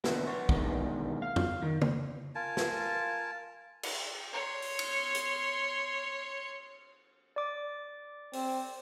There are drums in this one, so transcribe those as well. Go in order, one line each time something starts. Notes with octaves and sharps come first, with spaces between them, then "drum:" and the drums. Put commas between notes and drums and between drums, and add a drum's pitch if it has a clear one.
E2 B2 D3 B4, drum: snare
B3 C#5
B2 D3 D#3 G#3, drum: kick
F5
drum: tom F2
D#3
drum: tom C#3
F4 A#4 G#5 A5
drum: snare
drum: cymbal
C#5 C6
drum: open hi-hat
drum: cymbal
drum: hi-hat
D5 D6
C4, drum: open hi-hat